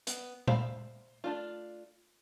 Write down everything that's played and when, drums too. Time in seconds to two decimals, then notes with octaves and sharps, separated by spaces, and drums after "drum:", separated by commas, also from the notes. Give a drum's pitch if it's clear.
0.07 B3, drum: hi-hat
0.47 C5 E5 F5 B5, drum: tom A#2
1.24 A3 D4 F4